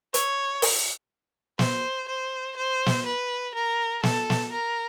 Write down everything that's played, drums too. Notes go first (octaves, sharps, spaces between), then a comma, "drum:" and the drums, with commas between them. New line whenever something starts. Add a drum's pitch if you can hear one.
C#5, drum: hi-hat
drum: open hi-hat
C5, drum: snare
C5
C5
drum: snare
B4
A#4
A4, drum: snare
drum: snare
A#4